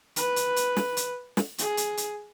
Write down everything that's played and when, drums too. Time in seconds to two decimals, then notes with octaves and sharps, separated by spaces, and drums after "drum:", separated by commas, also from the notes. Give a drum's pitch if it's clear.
0.16 B4, drum: hi-hat
0.36 drum: hi-hat
0.56 drum: hi-hat
0.77 drum: snare
0.97 drum: hi-hat
1.37 drum: snare
1.58 G#4, drum: hi-hat
1.77 drum: hi-hat
1.97 drum: hi-hat